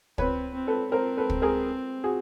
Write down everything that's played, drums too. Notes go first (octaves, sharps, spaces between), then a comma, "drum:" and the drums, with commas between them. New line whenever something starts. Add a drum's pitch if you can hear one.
C4 B4 C#5, drum: kick
C4
A4 B4
C4 A#4 C5
A4 B4
drum: kick
G#4 A#4
F#4 G#4